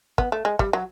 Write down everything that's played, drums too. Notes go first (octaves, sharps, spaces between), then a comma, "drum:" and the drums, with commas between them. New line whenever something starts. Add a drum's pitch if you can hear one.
B3, drum: kick
A3
G#3
G3, drum: kick
F#3